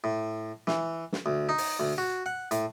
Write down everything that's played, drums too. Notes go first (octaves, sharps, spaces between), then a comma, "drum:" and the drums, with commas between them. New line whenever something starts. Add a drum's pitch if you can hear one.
A2
E3, drum: snare
drum: snare
D2
D#4
drum: open hi-hat
D2
F#4
F#5
A2, drum: hi-hat